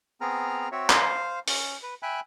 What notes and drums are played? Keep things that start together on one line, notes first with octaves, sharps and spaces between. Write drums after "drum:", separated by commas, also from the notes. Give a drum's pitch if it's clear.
B3 C4 G#4 A#5 F6
C4 F#4 C#5 E5
C5 F5, drum: clap
C#4, drum: open hi-hat
B4
E5 G5 G#5 B5 F#6